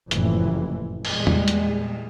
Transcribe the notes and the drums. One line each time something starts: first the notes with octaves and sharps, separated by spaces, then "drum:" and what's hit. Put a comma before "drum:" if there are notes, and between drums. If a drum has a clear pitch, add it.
F#1 F2 A2 C3 E3, drum: hi-hat
E2 A#2 G3 G#3, drum: cymbal
drum: tom E2
drum: hi-hat